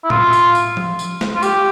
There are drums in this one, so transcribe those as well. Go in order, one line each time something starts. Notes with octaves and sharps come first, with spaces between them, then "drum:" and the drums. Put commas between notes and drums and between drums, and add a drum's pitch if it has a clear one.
E4
F4, drum: tom A2
drum: tambourine
drum: tambourine
drum: tom F3
drum: tambourine
drum: snare
F4
G4, drum: tambourine